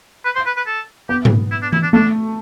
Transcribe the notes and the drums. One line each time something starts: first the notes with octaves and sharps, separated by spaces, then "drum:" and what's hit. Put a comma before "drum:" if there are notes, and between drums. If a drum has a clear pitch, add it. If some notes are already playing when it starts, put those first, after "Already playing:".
B4
C5
B4
B4
A4
B3 G4
drum: tom G#2
E4
D4
E4, drum: tom E3
D4
A3 D4